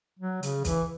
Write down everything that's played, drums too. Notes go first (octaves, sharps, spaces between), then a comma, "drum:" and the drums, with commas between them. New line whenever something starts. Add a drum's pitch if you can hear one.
F#3
C#3, drum: hi-hat
E3, drum: kick, hi-hat